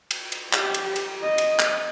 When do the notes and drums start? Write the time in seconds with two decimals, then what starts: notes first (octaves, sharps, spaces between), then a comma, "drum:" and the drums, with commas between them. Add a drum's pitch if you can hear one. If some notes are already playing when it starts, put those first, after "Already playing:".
0.11 drum: cymbal
0.32 drum: cymbal
0.53 G4, drum: clap
0.74 drum: cymbal
0.96 drum: cymbal
1.23 D#5
1.38 drum: cymbal
1.59 drum: clap